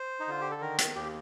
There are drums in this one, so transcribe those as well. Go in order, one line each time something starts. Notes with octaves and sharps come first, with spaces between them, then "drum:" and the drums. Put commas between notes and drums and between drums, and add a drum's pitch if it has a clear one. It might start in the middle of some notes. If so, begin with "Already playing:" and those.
Already playing: C5
D#4
D3 F4
G4
A4
D#3 A#4
drum: hi-hat
D#2 G4